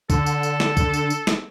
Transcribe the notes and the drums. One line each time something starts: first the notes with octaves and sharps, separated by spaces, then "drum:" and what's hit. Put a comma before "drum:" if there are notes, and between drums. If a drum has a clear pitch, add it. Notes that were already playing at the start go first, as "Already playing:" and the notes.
D3 A4, drum: kick, tambourine
drum: tambourine
drum: tambourine
drum: snare
drum: kick, tambourine
drum: tambourine
drum: tambourine
drum: snare